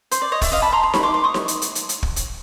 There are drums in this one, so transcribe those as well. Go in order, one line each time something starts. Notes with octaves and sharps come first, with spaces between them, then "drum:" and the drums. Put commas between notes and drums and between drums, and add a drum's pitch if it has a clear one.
C5, drum: hi-hat
D5
C#5 D#5
D5 E5, drum: kick, open hi-hat
D#5 F5
A5 B5
A#5 C6
A#5 C6
B5 C#6, drum: snare D#4
C6 D6
C6 D6
C#6 D#6
drum: snare D#4
drum: hi-hat
drum: hi-hat
drum: hi-hat
drum: hi-hat
drum: kick
drum: hi-hat